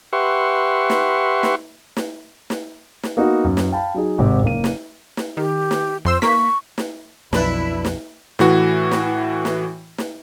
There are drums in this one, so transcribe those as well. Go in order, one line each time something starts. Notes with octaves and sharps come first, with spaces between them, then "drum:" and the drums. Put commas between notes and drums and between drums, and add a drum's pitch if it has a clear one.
G4 B4 E5 F#5 C6 C#6
drum: snare
drum: snare
drum: snare
drum: snare
drum: snare
A#3 B3 D#4 F#4
F#2
drum: snare
F5 G5 A5 B5
F#3 D#4 G#4
G#1 G#2 C3 D6
F#1 A#3 D#7
drum: snare
drum: snare
D#3 G4
drum: snare
F2 C5 C6 E6
A#3 C#6 B6, drum: snare
drum: snare
B1 F2 D4 E4 B4 B5, drum: snare
drum: snare
A2 E3 F#4, drum: snare
drum: snare
drum: snare
drum: snare